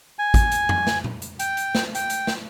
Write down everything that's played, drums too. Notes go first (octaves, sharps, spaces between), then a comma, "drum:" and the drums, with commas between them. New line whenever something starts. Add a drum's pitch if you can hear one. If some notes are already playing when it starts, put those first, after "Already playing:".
G#5
drum: kick, hi-hat
drum: hi-hat
drum: tom F2
drum: snare
drum: tom A#2
drum: hi-hat
G5, drum: hi-hat
drum: hi-hat
drum: snare
G5, drum: hi-hat
drum: hi-hat
drum: snare